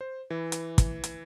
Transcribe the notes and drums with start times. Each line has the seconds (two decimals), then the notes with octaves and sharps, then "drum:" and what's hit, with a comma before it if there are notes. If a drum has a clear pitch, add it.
0.01 C5
0.30 E3
0.52 drum: hi-hat
0.78 drum: kick, hi-hat
1.04 drum: hi-hat